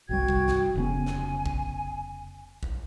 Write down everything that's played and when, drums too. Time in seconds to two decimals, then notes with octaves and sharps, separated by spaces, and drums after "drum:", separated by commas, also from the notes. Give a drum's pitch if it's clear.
0.09 G1 C2 G3 F#4 G5 G#6
0.28 drum: kick A1
0.48 drum: snare
0.75 F1 C#3 B3 G#5
1.07 drum: snare
1.46 drum: kick A1
2.63 drum: kick A1